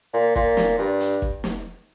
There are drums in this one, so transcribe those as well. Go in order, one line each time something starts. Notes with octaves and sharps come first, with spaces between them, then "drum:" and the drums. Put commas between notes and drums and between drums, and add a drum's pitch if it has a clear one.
A#2
A#2, drum: kick
drum: snare
G2
drum: hi-hat
drum: kick
drum: snare